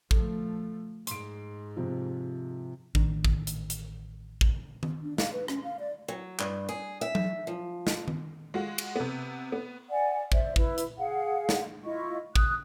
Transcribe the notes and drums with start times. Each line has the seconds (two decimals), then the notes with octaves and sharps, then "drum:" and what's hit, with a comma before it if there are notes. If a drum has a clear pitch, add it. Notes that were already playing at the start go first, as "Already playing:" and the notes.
0.11 F3 A3 A4, drum: kick
1.07 G#2 C6 D7, drum: hi-hat
1.76 C3 F3
2.95 A1 D#3 D4, drum: kick
3.25 drum: kick
3.47 drum: hi-hat
3.70 drum: hi-hat
4.41 drum: kick
4.83 drum: tom D#3
5.03 D4
5.18 F5, drum: snare
5.33 B4
5.48 C#4, drum: rim click
5.64 F5
5.79 D5
6.08 F#3
6.39 G2, drum: clap
6.69 G#4
7.01 E5
7.15 drum: tom F#3
7.47 F3
7.87 drum: snare
8.08 drum: tom D#3
8.54 G#3 F4 F#4
8.78 drum: cymbal
8.96 C3 B3
9.52 B3
9.90 D5 F#5 G#5
10.32 C5 D5 E5, drum: kick
10.56 E4 B4, drum: kick
10.78 drum: hi-hat
10.98 G#4 F5 F#5
11.49 drum: snare
11.84 E4 F4 D#5 C#6
12.36 D#6 F#6, drum: kick